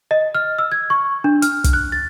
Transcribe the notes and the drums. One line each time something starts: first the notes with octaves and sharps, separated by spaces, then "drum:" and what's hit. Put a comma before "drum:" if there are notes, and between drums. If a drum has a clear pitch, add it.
D#5
F6
E6
G#6
C#6
D4
F6, drum: hi-hat
drum: kick, hi-hat
F#6
A6